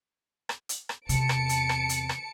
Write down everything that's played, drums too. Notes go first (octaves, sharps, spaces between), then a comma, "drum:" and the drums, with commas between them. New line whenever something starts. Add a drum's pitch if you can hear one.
drum: rim click
drum: hi-hat
drum: rim click
E2 C3 A5 C#7 D7, drum: hi-hat
drum: rim click
drum: hi-hat
drum: rim click
drum: hi-hat
drum: rim click